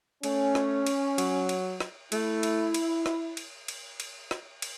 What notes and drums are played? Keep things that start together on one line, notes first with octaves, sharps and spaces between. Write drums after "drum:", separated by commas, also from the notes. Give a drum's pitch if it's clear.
A3 C#4, drum: cymbal
drum: rim click
drum: cymbal
F#3, drum: cymbal
drum: cymbal
drum: rim click
A3 E4, drum: cymbal
drum: cymbal
drum: cymbal
drum: rim click
drum: cymbal
drum: cymbal
drum: cymbal
drum: rim click
drum: cymbal